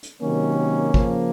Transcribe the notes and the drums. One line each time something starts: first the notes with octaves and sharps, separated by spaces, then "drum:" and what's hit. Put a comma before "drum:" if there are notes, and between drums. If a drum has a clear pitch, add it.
drum: hi-hat
C3 D#3 F#3 A#3 C#4
C#3 F3 A#3, drum: kick